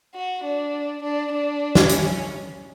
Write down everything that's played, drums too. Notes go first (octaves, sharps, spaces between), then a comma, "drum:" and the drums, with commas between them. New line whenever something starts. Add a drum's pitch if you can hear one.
F#4
D4
D4
D4
drum: snare
C#4, drum: hi-hat